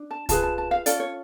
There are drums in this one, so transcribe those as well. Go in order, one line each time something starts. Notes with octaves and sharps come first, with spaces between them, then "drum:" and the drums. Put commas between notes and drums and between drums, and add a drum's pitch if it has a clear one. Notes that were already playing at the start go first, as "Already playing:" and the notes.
Already playing: D4
A5
F4 G#4 B4 A5, drum: kick C2, hi-hat
A5
A5
F5
C#4 F4 A4 D5, drum: hi-hat
C#5